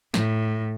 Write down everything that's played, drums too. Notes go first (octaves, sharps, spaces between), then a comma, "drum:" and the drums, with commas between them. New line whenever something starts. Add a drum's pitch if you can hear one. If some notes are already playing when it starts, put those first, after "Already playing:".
A2, drum: snare